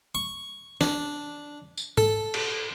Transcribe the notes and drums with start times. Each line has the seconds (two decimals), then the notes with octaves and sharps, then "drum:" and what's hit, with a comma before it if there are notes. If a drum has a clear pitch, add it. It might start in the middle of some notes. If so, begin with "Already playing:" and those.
0.15 C#6
0.81 D4, drum: snare
1.78 drum: tambourine
1.98 A4, drum: tom G#2
2.34 drum: cymbal